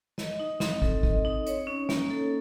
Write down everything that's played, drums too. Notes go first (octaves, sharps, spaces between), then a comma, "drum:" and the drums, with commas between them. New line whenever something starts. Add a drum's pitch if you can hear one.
D#5, drum: snare
D#4
C4, drum: snare
A4, drum: kick
D#5, drum: kick
D#4
C#5, drum: hi-hat
C#4
A#3, drum: snare
A4